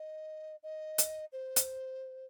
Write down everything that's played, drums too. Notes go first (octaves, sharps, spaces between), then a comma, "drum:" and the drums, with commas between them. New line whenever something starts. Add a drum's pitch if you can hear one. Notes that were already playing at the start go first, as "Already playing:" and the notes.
Already playing: D#5
D#5
drum: hi-hat
C5
drum: hi-hat